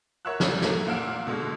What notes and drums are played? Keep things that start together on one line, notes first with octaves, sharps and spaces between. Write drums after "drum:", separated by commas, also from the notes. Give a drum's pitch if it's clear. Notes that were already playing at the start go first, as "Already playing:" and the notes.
A#4 C#5 E5 F#5 E6 F#6
G#1 F#2, drum: snare
A3 A#3, drum: snare
A#2 F5 F#5 E6 F6 D7
B2 D3 G#3